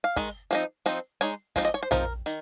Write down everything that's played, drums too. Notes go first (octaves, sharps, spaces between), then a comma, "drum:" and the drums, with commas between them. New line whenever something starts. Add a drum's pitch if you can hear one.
F5
D#3 G#3, drum: kick, open hi-hat
F3 C4 D#4
F3 C4 D#4, drum: hi-hat
G#3 D#4 C#5, drum: hi-hat
F3 G#3 C4 D#4, drum: kick, open hi-hat
D#5
C#5
C5
F3 C4 D#4 A#4, drum: tom A#1
D#3, drum: hi-hat